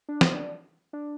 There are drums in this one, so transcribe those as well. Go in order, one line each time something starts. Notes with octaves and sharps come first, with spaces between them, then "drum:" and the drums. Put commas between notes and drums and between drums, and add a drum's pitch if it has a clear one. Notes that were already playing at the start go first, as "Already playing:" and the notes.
D4
C4, drum: snare
D4
D4